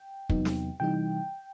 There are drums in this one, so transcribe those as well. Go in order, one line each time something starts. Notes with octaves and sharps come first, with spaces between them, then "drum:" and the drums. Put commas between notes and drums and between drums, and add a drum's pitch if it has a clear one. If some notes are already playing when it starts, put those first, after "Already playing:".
Already playing: G5
E2 C3 F#3 B3 D#4, drum: kick
drum: snare
C3 E3 G3 D#4 G5